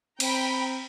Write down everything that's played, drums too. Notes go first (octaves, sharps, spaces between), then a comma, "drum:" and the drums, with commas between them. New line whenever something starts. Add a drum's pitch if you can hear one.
C4 G5 A#5 B5, drum: cymbal